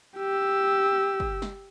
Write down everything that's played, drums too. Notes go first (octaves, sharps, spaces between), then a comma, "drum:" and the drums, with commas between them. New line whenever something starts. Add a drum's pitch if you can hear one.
G4 E6
drum: kick
drum: snare